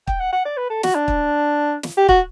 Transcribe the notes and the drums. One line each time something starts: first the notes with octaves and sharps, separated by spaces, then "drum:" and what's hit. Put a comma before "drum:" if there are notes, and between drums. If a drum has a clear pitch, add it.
G5, drum: kick
F#5
F#5
D5
B4
A4
F#4, drum: snare
D4
drum: kick
drum: snare
G4
F#4, drum: kick